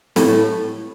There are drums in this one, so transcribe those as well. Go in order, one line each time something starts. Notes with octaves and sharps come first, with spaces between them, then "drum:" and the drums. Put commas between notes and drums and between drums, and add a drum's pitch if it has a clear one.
A2, drum: snare
A2